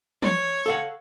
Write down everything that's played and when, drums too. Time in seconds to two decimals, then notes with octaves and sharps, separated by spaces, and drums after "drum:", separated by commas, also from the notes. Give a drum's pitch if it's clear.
0.22 C#5, drum: tom E3
0.66 A4 F5 F#5